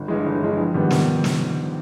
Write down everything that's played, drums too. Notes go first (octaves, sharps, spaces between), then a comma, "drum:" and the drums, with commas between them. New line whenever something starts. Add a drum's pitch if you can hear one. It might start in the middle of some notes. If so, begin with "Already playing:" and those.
Already playing: G1
G2 E3 G#3
G1
G2 E3 G#3
A#1
G#2 D#3 G3 B3
A#1, drum: snare
drum: snare